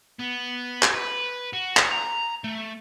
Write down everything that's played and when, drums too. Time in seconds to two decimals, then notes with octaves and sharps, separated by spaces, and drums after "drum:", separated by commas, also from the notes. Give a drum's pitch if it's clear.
0.19 B3
0.83 drum: clap
0.94 B4
1.53 F#4
1.77 drum: clap
1.91 A#5
2.44 A3